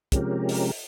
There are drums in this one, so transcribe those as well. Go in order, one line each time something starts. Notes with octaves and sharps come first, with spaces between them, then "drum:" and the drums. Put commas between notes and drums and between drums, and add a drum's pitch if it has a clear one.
C3 F3 G#3 C#4 G4 A#4, drum: kick, hi-hat
drum: open hi-hat